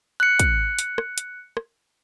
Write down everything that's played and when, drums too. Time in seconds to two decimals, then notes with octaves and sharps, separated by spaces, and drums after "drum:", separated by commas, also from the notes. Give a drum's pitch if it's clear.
0.20 F#6 C#7
0.39 drum: kick, hi-hat
0.79 drum: hi-hat
0.98 drum: rim click
1.18 drum: hi-hat
1.57 drum: rim click